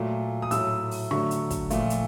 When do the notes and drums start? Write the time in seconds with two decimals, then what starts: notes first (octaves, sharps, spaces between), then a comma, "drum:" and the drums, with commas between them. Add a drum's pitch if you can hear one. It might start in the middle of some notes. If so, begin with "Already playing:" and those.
Already playing: A#2 F#3 A3
0.42 D#6
0.51 A2 F#3 A3 E6, drum: hi-hat
0.91 drum: open hi-hat
1.11 D3 F#3 A3 C#6, drum: rim click
1.31 drum: hi-hat
1.51 drum: kick, hi-hat
1.70 A#2 F3 A3, drum: hi-hat
1.90 drum: hi-hat